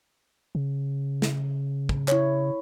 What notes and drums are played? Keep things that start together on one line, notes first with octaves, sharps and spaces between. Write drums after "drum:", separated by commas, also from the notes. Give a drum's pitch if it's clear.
C#3
drum: snare
drum: kick
E4 C#5, drum: clap